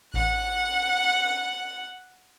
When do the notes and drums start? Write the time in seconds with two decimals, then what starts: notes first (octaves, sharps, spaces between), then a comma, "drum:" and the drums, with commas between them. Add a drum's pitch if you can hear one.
0.14 F#5 F#6, drum: kick A1